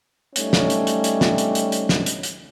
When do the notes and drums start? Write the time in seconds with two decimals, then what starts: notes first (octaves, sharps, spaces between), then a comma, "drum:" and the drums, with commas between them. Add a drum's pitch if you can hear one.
0.36 G3 A3 C#4 D#4, drum: hi-hat
0.53 drum: snare
0.70 drum: hi-hat
0.87 drum: hi-hat
1.04 drum: hi-hat
1.21 drum: snare
1.38 drum: hi-hat
1.55 drum: hi-hat
1.72 drum: hi-hat
1.89 drum: snare
2.06 drum: hi-hat
2.23 drum: hi-hat